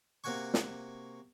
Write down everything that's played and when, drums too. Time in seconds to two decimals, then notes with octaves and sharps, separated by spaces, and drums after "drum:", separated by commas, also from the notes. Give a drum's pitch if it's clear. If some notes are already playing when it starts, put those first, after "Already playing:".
0.24 C3 A#3 F#4 F#5 G#5 C#6
0.54 drum: snare